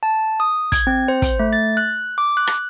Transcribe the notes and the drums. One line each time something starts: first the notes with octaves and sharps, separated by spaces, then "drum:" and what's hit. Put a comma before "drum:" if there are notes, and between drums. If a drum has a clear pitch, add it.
A5
D#6
G#6, drum: kick, hi-hat
C4
C5
drum: kick, hi-hat
A3
A6
F#6
D6
F#6
drum: rim click